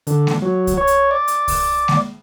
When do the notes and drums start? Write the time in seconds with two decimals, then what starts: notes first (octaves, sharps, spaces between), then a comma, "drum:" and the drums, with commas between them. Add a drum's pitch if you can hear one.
0.07 D3, drum: hi-hat
0.27 drum: snare G#3
0.42 F#3
0.67 drum: kick C2, hi-hat
0.77 C#5
0.87 drum: hi-hat
1.11 D5
1.28 drum: hi-hat
1.48 drum: kick C2, open hi-hat
1.88 drum: snare G#3